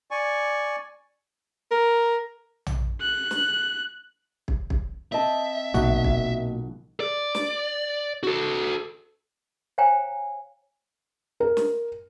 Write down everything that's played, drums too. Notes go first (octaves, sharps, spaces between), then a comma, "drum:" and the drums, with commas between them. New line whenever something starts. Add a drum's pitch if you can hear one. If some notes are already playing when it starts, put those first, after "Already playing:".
D5 G#5 C#6
A#4
drum: tom
F#6
drum: snare
drum: kick
drum: kick
C4 D#5 E5 A5
B1 A#2 F#4, drum: tom
drum: kick
D5
drum: snare
F#4 A4
C5 C#5 F5 G5 G#5 A#5
A#4
drum: snare